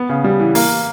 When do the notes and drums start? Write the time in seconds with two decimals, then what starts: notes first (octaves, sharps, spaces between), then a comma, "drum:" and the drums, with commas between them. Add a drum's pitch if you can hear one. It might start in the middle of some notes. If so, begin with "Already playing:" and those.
Already playing: B3
0.09 C#3
0.24 G3
0.40 E3
0.55 A#3, drum: open hi-hat